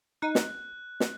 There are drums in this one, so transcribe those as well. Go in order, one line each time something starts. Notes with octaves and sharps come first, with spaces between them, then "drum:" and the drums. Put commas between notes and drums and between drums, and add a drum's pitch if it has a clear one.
D#4 F#6
drum: snare
drum: snare